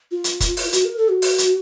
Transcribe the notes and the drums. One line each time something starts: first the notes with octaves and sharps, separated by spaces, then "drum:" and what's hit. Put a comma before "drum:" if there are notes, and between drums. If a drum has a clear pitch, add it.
F4
drum: hi-hat
drum: kick F1, hi-hat
drum: open hi-hat
F#4, drum: hi-hat
A#4
A4
F#4
drum: open hi-hat
drum: hi-hat